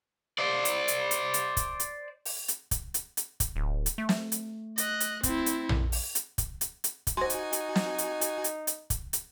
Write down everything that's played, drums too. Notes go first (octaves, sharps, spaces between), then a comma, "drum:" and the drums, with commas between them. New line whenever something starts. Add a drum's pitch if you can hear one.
C5 D5
drum: hi-hat
drum: hi-hat
drum: hi-hat
drum: hi-hat
drum: kick, hi-hat
drum: hi-hat
drum: open hi-hat
drum: hi-hat
drum: kick, hi-hat
drum: hi-hat
drum: hi-hat
drum: kick, hi-hat
D1
drum: hi-hat
A3
drum: snare
drum: hi-hat
D#5 F#6, drum: hi-hat
drum: hi-hat
C4 E4, drum: kick, hi-hat
drum: hi-hat
drum: tom A#1
drum: open hi-hat
drum: hi-hat
drum: kick, hi-hat
drum: hi-hat
drum: hi-hat
drum: kick, hi-hat
D#4 F#4 C5 G#5 C6
drum: hi-hat
drum: hi-hat
drum: snare
drum: hi-hat
drum: hi-hat
drum: hi-hat
drum: hi-hat
drum: kick, hi-hat
drum: hi-hat